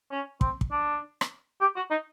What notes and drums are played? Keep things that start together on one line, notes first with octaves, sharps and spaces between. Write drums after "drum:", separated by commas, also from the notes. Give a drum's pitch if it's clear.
C#4
C4, drum: kick
drum: kick
D4
drum: rim click
G4
F#4
D#4